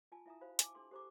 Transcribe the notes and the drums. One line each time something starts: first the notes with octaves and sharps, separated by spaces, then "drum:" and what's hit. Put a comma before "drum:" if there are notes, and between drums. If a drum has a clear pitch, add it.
F4 G#5 A5
E4 F4 E5 G#5 A#5 D#6
F#4 C5 F5 B5
G#5 A5 D6, drum: hi-hat
D4 G#4 C6
G4 A4 C5 A#5 C#6 D6